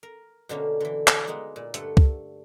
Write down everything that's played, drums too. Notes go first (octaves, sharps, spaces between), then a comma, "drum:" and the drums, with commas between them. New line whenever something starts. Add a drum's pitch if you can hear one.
A#4
B2 D3 A#3 C#4
D3 E3
drum: clap
G#3 A#3 B3 D#4
A#2
G2 D3 A3 A4 F#5, drum: hi-hat
drum: kick C#2